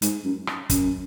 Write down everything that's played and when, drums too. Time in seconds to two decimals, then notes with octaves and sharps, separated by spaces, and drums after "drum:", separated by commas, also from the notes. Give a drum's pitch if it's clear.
0.02 G#2, drum: hi-hat
0.24 F#2
0.47 drum: rim click
0.70 F#2, drum: kick, hi-hat